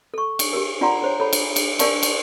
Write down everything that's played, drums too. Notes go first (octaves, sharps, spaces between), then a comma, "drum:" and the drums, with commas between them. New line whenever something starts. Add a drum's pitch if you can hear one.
A4 C#6
drum: cymbal
G4 G#4 A#4
D4 F4 D5 F#5 A#5 C6
G#4 C5 C#5
A4 C#5 B5
drum: cymbal
drum: cymbal
D4 A#4 D5 F5 A5 C#6, drum: cymbal
drum: cymbal